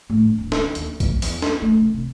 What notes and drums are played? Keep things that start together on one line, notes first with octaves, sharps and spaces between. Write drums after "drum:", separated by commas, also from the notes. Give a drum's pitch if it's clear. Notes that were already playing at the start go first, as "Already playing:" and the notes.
A2
G2
D1
D3, drum: snare
D#2, drum: hi-hat
A1, drum: kick A#1, hi-hat
E2, drum: open hi-hat
drum: snare
A3
C#3
C3